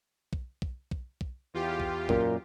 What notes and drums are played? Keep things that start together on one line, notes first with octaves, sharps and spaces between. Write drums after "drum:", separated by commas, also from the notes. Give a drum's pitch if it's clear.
drum: kick B1
drum: kick B1
drum: kick B1
drum: kick B1
E2 F4 G4
drum: kick B1
F#2 A#2 A#4, drum: kick B1